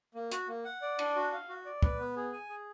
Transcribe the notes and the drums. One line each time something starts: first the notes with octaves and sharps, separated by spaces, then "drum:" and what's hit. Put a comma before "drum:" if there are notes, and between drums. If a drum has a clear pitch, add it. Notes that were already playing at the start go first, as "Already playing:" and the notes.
A#3
F#4, drum: hi-hat
A#3
F#5
D5
D4, drum: cymbal
F#4
F5
F#4
D5
B4, drum: kick
B3
G#4
G#5
G#4